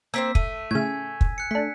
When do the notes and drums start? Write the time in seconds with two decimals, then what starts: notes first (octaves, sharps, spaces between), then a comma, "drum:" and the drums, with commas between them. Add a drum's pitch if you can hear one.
0.14 A#3 C4 C5 E6 B6
0.35 A3 D#7, drum: kick
0.71 A2 C#3 G#5 G#6
1.21 drum: kick
1.38 F#6 C#7
1.51 A3 D4 B6